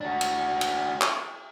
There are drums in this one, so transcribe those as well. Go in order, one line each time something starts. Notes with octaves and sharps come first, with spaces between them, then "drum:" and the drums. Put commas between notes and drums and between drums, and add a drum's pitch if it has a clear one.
D4 F#4
drum: cymbal
drum: cymbal
drum: clap